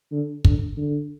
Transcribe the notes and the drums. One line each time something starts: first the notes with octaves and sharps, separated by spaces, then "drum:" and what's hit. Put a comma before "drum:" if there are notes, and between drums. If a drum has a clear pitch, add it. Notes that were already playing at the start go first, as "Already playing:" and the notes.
D3
D3, drum: kick
D3